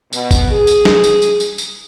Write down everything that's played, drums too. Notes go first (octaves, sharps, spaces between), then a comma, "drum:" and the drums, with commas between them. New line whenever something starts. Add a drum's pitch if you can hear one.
B2, drum: tambourine
drum: kick G#1, tambourine
G#4
drum: tambourine
drum: snare
drum: tambourine
drum: tambourine
drum: tambourine
drum: tambourine